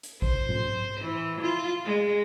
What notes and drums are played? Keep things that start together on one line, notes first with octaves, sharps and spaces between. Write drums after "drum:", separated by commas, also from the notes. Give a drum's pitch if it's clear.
drum: hi-hat
C5, drum: kick
drum: tom A2
E3
F4
G#3